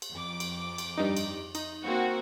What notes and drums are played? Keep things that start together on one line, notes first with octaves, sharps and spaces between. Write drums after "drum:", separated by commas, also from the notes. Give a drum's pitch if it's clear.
drum: cymbal
F2 D6
drum: cymbal
drum: cymbal
G2 G3 D#4
drum: cymbal
D#4, drum: cymbal
A#3 C4 F#4